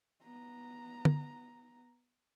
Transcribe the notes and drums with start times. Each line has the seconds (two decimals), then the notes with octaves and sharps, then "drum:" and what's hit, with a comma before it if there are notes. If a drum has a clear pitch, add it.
0.23 B3 A#5
1.05 drum: tom